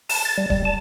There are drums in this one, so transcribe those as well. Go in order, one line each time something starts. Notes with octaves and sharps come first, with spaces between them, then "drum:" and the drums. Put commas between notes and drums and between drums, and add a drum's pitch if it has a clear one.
A5, drum: open hi-hat
A6
G3
G3, drum: kick D1
A5